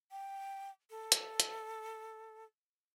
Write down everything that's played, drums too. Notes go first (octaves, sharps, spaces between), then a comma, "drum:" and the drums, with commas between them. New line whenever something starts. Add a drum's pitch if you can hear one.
G5
A4
drum: hi-hat
drum: hi-hat